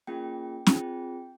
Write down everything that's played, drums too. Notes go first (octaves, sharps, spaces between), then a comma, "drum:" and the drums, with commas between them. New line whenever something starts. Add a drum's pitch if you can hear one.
A#3 C#4 F4 G#4 G5
C4 F4 G#4 G5, drum: snare